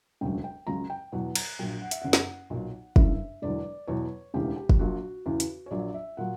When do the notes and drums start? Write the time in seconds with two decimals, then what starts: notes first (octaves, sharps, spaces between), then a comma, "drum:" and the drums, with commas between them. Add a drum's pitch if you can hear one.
0.21 E1 D2 C#3 F#3 G5
0.44 G5
0.67 C#2 C#3 F#3 A#5
0.90 G5
1.12 E2 B2 F#3 F#5
1.35 A#5, drum: cymbal
1.59 A#1 A#2 F#3 G5
1.82 F#5
1.91 E5, drum: hi-hat
2.02 F#1 F#2 C#3 F#5
2.13 drum: snare
2.50 B1 A#2 F#3
2.96 G1 F#2 C#3 E3 E5, drum: kick
3.42 E1 E2 D3 F#3 D5
3.87 E2 B2 F#3 C#5
4.34 E1 D2 C#3 E3 G4
4.56 G4
4.69 drum: kick
4.79 A#1 A#2 F#3 F#4
5.26 E2 C#3 E3
5.40 drum: hi-hat
5.66 C#5
5.71 A#1 A#2 F#3 D5
5.94 E5
6.17 A#2 F#3 F#5